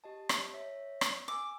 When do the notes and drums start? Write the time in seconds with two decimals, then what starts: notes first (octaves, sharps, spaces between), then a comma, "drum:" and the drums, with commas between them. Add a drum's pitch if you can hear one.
0.04 G4 D#5 A5
0.29 drum: rim click
0.53 C#5 E5 B6
1.01 drum: rim click
1.28 G#5 D6 E6